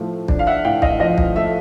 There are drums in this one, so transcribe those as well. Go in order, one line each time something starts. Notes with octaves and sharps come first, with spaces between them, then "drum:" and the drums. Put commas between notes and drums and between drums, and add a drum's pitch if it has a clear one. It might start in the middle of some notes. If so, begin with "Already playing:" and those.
Already playing: A2 F3 A3
D4, drum: kick
F5
E5 F#5
A2 F5 G5
D#5 F5, drum: kick
F3 D#5
drum: kick
A3 E5